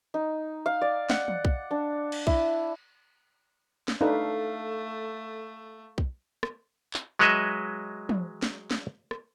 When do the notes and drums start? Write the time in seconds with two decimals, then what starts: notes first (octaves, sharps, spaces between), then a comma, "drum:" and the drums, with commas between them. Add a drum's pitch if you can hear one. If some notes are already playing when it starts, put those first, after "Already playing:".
0.14 D#4
0.66 F5
0.81 D5
1.10 F#5, drum: snare
1.28 drum: tom
1.45 drum: kick B1
1.71 D4
2.12 drum: cymbal
2.27 E4, drum: kick B1
3.88 drum: snare
4.01 A3 D4 D#4 A4 B4 F5
5.98 drum: kick B1
6.43 drum: rim click
6.94 drum: clap
7.19 F#3 G#3 B4 C#5 D#5 E5
8.09 drum: tom
8.42 drum: snare
8.71 drum: snare
9.11 drum: rim click